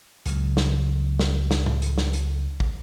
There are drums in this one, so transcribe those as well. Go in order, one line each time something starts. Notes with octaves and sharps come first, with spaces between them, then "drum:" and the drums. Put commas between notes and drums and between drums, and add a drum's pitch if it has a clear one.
C#2 C#3 F#3, drum: hi-hat
drum: snare
drum: snare
drum: snare
drum: tom A2
drum: hi-hat
drum: snare
drum: hi-hat
drum: kick